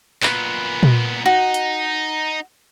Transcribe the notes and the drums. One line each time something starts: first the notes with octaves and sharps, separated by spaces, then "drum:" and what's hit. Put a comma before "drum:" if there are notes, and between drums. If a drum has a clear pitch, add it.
A#2 B3 B4, drum: clap
drum: tom A#2
D#4 F#4
drum: hi-hat